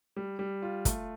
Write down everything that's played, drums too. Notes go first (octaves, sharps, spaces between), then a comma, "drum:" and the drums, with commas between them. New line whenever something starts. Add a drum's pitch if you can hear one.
G3
G3
F4
A3, drum: kick, hi-hat